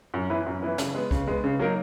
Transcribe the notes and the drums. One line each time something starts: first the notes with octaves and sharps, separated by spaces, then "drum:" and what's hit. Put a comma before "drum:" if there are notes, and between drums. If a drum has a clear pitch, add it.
F#2
E3 B3 E4 B4
F#2
E3 B3 E4 B4
C#3, drum: snare
G#3 B3
C#3, drum: kick B1
G#3 B3
C#3
F#3 A#3 D#4 A#4